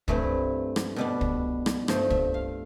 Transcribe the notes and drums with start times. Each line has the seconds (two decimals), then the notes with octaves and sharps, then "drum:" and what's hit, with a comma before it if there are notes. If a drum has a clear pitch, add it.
0.08 G2 E3 A3 C4 E4 B4, drum: kick
0.76 drum: rim click
0.96 B2 G3 D4 B4
1.21 drum: kick
1.66 drum: rim click
1.88 G2 F3 A3 C5, drum: rim click
2.10 E5, drum: kick
2.34 F5